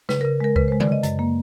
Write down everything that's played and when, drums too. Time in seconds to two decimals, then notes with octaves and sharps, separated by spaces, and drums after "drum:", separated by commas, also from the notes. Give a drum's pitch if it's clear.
0.09 C#3 B4, drum: snare
0.21 A#4
0.25 C#3
0.40 G#3 A#4
0.56 C#3 B4, drum: kick C#2
0.68 C5
0.72 G#3
0.80 D5, drum: tom D3
0.88 C#3 D#5
1.03 F#2, drum: hi-hat
1.19 A#3